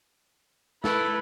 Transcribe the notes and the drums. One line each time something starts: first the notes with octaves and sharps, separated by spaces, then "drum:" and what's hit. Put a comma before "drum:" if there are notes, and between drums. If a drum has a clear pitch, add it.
A3 E4 A4 B4, drum: snare